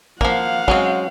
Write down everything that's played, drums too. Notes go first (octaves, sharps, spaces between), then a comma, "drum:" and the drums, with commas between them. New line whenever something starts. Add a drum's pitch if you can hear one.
F3 A#3 F5 F#5, drum: kick
F#3 G#3 C4 C#4, drum: kick